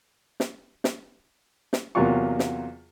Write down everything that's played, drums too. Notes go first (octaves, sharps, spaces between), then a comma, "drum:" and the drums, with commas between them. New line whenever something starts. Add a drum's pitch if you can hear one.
drum: snare
drum: snare
drum: snare
E2 C3 F#3 A#3 F4 C#6
drum: snare